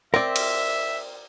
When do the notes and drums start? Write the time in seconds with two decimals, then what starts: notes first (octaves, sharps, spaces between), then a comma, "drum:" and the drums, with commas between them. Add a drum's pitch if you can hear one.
0.14 C4 A#4 D5 E5
0.36 drum: cymbal